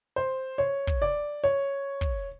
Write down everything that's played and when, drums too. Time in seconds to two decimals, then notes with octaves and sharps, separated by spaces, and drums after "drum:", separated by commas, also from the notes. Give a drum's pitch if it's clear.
0.16 C5
0.58 C#5
0.87 drum: kick
1.02 D5
1.44 C#5
2.01 drum: kick